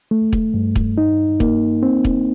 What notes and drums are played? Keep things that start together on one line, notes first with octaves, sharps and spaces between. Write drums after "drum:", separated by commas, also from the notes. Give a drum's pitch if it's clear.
A3
drum: kick
G2
drum: kick
D#4
A#3, drum: kick
C4
drum: kick